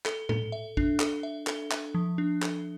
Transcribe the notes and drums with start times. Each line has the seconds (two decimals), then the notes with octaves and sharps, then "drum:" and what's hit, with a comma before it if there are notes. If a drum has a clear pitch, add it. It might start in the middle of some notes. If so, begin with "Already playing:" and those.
0.06 A4, drum: clap
0.29 A4, drum: tom A2
0.52 E5
0.77 D4, drum: kick
1.00 A4, drum: clap
1.23 E5
1.47 A4, drum: clap
1.71 E5, drum: clap
1.94 F3
2.18 D4
2.42 A4, drum: clap